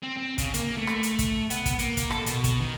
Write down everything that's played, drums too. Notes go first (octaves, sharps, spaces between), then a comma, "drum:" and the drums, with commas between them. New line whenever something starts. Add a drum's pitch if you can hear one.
C4
C4
C#3, drum: kick, hi-hat
A#3, drum: hi-hat
A3
drum: rim click
drum: hi-hat
drum: kick, hi-hat
B3, drum: hi-hat
drum: kick, hi-hat
A#3, drum: hi-hat
drum: kick, hi-hat
A4, drum: rim click
B2, drum: hi-hat
drum: kick, hi-hat
D#3